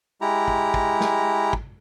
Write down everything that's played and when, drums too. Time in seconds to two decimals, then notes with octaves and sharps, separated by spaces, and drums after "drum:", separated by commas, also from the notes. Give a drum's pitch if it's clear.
0.21 G#3 E4 G4 A#5
0.48 drum: kick
0.74 drum: kick
1.00 drum: snare
1.53 drum: kick